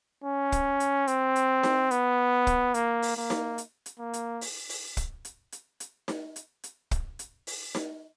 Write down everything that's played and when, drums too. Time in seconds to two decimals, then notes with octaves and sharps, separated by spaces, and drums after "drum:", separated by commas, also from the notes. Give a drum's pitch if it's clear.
0.24 C#4
0.52 drum: kick, hi-hat
0.80 drum: hi-hat
1.07 C4, drum: hi-hat
1.36 drum: hi-hat
1.63 drum: snare D#4
1.91 B3, drum: hi-hat
2.47 drum: kick, hi-hat
2.74 A#3, drum: hi-hat
3.02 drum: open hi-hat
3.17 A#3
3.30 drum: snare D#4
3.58 drum: hi-hat
3.86 drum: hi-hat
4.00 A#3
4.13 drum: hi-hat
4.41 drum: open hi-hat
4.69 drum: open hi-hat
4.97 drum: kick, hi-hat
5.25 drum: hi-hat
5.52 drum: hi-hat
5.80 drum: hi-hat
6.08 drum: snare D#4
6.36 drum: hi-hat
6.64 drum: hi-hat
6.91 drum: kick, hi-hat
7.19 drum: hi-hat
7.47 drum: open hi-hat
7.75 drum: snare D#4